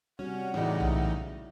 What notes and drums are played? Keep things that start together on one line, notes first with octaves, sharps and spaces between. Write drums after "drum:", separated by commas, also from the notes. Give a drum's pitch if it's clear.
C3 G3 C#4 F#4 F#5
A2 C#3 E3 G#3 D#4 E4 G4 D5
drum: tom B1